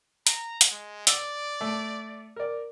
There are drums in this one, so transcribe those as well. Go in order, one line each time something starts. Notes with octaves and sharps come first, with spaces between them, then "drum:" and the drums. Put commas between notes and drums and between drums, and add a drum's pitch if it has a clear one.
A#5, drum: hi-hat
drum: hi-hat
G#3
D5 E6, drum: hi-hat
A3
A#4 D5